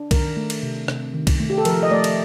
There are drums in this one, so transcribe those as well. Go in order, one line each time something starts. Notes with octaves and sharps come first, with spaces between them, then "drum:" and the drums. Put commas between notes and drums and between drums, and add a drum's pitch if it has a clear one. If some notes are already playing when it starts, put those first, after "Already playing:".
Already playing: D4
D#3 A#4, drum: kick C2, cymbal
A3
drum: cymbal
C3
C3, drum: rim click
D#3
drum: kick C2, cymbal
A3
G4
A4
F3 A#4, drum: cymbal
D#5
A3 D5
drum: cymbal